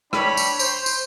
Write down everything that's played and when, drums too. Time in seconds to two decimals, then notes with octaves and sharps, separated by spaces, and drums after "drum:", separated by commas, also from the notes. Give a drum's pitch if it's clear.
0.13 D4 C#5 G5 B5, drum: rim click
0.37 drum: tambourine
0.59 C5, drum: tambourine
0.86 drum: tambourine